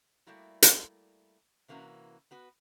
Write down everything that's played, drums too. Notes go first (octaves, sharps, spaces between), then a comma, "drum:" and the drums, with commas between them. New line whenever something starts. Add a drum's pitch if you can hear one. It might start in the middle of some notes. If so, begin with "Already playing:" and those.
G3 A3 A#3 E4 F#4
drum: hi-hat
C3 E3 A#3 C#4 F#4
B3 F#4 B4